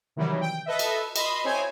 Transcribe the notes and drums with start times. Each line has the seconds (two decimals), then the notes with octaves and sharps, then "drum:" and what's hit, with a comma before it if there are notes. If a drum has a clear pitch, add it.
0.16 C3 D#3 E3 F#3 G3
0.41 G5
0.66 A4 B4 D#5 E5
0.79 drum: cymbal
1.16 D#5 B5 C6 D#6, drum: cymbal
1.44 C4 E4 G#4 C5 C#5 G#5